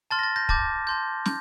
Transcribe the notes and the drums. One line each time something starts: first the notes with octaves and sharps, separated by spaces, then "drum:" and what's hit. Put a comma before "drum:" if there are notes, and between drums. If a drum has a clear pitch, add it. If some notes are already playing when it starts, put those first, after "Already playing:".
A5 C6 F6 A6
A#6
A6
G6 A#6
A5 D6 G6 A6, drum: kick
A5 C6 G6
G6, drum: snare